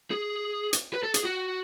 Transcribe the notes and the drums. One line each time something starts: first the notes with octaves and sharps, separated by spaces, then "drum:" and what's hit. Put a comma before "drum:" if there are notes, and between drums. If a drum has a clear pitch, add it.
G#4
drum: hi-hat
B4
A4
G#4, drum: hi-hat
F#4